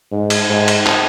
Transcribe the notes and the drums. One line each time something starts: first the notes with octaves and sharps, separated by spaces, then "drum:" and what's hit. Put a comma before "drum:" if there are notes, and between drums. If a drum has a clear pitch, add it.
G#2
drum: cymbal
G#2
drum: cymbal
drum: clap